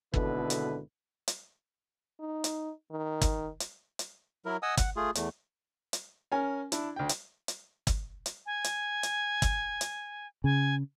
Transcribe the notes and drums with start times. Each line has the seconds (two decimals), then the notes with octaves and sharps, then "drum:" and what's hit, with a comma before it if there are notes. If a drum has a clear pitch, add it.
0.14 G#1 B2 D3 E4 A4 B4, drum: kick
0.50 drum: hi-hat
1.28 drum: hi-hat
2.20 D#4
2.44 drum: hi-hat
2.91 D#3
3.21 drum: kick, hi-hat
3.60 drum: hi-hat
3.99 drum: hi-hat
4.45 F#3 E4 A#4
4.63 D#5 F#5 G#5 D#6 E6
4.77 F#5, drum: kick, hi-hat
4.96 A3 F4 G#4
5.15 E2 A3, drum: hi-hat
5.93 drum: hi-hat
6.32 C#4 A#4 G#5
6.72 D4 E4, drum: hi-hat
6.96 D2 G5
7.09 drum: hi-hat
7.48 drum: hi-hat
7.87 drum: kick, hi-hat
8.26 drum: hi-hat
8.46 G#5
8.64 drum: hi-hat
9.03 drum: hi-hat
9.42 drum: kick, hi-hat
9.81 drum: hi-hat
10.44 C#3 G#5